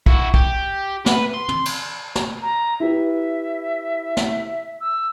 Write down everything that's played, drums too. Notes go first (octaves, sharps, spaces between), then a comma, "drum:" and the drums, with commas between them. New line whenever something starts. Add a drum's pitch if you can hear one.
E4 F#4, drum: kick
G4, drum: kick
B4, drum: snare
C6
drum: tom
drum: cymbal
drum: snare
A#5
E4 G4 B4 E5
drum: snare
E6